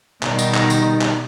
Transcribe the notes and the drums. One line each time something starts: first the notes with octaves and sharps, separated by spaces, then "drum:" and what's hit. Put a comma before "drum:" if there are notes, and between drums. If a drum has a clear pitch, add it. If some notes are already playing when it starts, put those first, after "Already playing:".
B2 D#3 G3 D#4, drum: clap
drum: tambourine
drum: clap
drum: tambourine
drum: clap